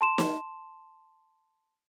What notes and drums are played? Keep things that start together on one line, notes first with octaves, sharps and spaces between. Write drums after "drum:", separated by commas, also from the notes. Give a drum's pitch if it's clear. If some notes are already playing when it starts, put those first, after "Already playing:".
A5 C6 E7
drum: snare